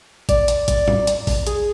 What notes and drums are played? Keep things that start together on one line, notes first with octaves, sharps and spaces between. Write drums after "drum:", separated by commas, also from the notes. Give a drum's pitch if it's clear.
D5, drum: kick, hi-hat
drum: hi-hat
drum: kick, hi-hat
drum: tom
drum: hi-hat
drum: kick, open hi-hat
G#4, drum: hi-hat